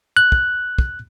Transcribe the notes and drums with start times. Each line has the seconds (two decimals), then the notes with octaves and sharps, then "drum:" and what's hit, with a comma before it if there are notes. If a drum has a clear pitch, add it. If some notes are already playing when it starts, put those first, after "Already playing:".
0.17 F#6
0.32 drum: kick
0.78 drum: kick